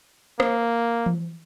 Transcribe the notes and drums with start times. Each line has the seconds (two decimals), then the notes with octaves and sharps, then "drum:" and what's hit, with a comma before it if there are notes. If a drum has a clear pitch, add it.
0.40 A#3, drum: rim click
1.06 drum: tom E3